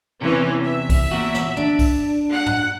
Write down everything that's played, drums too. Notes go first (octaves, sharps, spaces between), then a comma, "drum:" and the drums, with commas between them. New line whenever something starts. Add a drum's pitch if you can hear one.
E2 C3 E3 C#4
E5
drum: kick, open hi-hat
E2 A#2 F#4
drum: snare
D4, drum: tom
drum: kick, open hi-hat
F#5
drum: tom